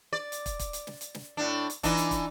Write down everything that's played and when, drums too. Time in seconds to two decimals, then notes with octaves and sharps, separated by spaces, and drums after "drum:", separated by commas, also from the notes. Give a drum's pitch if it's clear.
0.13 D5
0.32 drum: hi-hat
0.46 drum: kick, hi-hat
0.59 drum: kick, hi-hat
0.73 drum: hi-hat
0.87 drum: snare
1.01 drum: hi-hat
1.15 drum: snare
1.37 A2 D4
1.70 drum: hi-hat
1.83 E3 D4 D#4, drum: kick, hi-hat
1.97 drum: hi-hat
2.11 drum: kick, hi-hat